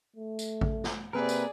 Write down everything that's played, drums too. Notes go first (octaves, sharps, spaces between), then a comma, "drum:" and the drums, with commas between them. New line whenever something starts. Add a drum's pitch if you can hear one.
A3
drum: tambourine
drum: kick A1
drum: snare
C3 A#3 C4 G#4 A#4 B4 D5
drum: tambourine